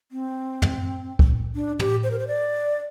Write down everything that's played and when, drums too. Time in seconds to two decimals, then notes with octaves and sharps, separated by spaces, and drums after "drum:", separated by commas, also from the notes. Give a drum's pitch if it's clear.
0.12 C4
0.62 drum: tom
1.19 drum: kick
1.55 D4
1.79 G4, drum: tom
2.04 C5
2.11 A#4
2.19 C5
2.28 D5